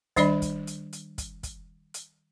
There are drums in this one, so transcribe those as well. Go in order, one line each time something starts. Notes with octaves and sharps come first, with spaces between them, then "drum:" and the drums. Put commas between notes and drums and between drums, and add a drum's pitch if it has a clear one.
D#3 G3 D4 D5 D#5 B5, drum: kick, hi-hat
drum: kick, hi-hat
drum: hi-hat
drum: hi-hat
drum: kick, hi-hat
drum: kick, hi-hat
drum: hi-hat